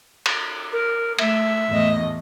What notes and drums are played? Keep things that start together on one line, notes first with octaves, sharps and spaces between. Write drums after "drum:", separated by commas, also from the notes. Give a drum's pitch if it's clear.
drum: cymbal
A#4
A3 E5, drum: cymbal
E2 A2 D#5